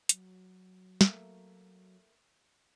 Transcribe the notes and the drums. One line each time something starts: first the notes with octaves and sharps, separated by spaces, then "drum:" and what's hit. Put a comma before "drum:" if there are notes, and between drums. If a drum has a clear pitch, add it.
F#3, drum: hi-hat
A3 A#3 E5, drum: snare